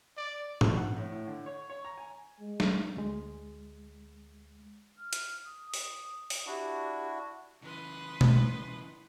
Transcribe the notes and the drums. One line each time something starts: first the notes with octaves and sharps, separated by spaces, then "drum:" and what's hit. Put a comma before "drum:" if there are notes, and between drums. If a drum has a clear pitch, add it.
D5
B2, drum: tom G#2
F#5
A2
A2
D3
C#5
C#5
A#5
G#5
G#3
drum: snare
D2 G#3
F6
drum: hi-hat
D#6
drum: open hi-hat
D#6
drum: open hi-hat
D4 E4 F#4 G4
C#3 E3 B4 C6 D#6
drum: tom B2